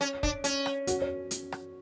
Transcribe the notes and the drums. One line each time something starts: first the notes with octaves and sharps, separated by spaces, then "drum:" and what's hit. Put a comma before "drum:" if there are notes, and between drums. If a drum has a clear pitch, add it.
C#4
D4, drum: kick
C#4, drum: hi-hat
drum: rim click
F#4, drum: hi-hat
C#5
drum: hi-hat
drum: rim click